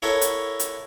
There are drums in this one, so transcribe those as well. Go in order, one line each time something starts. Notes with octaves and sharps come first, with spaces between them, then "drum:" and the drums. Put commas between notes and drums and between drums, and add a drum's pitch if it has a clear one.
E4 A4 A#4 C#5 E5 F#5
drum: hi-hat
drum: hi-hat